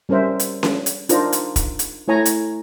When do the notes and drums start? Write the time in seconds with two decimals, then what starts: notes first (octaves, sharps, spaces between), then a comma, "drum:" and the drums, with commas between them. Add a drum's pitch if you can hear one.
0.09 G3 C#4 A#4 C5 E5
0.40 drum: hi-hat
0.63 drum: snare C#4
0.86 drum: hi-hat
1.09 D4 D#4 F4 A#4 C5 A#5, drum: hi-hat
1.33 drum: hi-hat
1.56 drum: kick E1, hi-hat
1.79 drum: hi-hat
2.08 A3 E4 C#5 G#5 A#5
2.26 drum: hi-hat